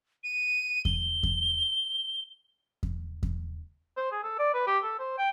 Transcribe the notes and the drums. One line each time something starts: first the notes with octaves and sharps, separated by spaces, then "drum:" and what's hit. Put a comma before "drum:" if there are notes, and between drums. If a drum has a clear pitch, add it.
D#7
G7, drum: kick E2
drum: kick E2
drum: kick E2
drum: kick E2
C5
G#4
A4
D5
B4
G4
A4
C5
G5